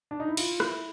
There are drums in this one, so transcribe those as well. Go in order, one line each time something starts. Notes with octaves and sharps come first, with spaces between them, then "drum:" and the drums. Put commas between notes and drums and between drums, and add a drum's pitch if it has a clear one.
D4
D#4
E4
F4, drum: cymbal
E4, drum: rim click